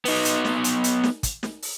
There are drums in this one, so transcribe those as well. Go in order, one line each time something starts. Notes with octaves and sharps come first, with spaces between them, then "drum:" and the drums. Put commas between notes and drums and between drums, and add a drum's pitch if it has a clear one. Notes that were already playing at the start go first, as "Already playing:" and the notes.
B3 D#4, drum: open hi-hat
drum: hi-hat
drum: snare
drum: hi-hat
drum: hi-hat
drum: snare
drum: kick, hi-hat
drum: snare
drum: open hi-hat